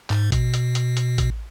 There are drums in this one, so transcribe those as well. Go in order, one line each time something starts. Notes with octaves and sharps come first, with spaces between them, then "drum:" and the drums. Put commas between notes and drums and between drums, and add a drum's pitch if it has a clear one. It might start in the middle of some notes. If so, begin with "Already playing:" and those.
G#2, drum: clap
B2, drum: kick A1, hi-hat
drum: hi-hat
drum: hi-hat
drum: hi-hat
drum: kick A1, hi-hat